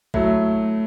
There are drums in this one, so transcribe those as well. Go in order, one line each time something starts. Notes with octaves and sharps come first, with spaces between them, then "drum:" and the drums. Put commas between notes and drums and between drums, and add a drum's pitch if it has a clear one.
F#3 A3 E4, drum: kick A#1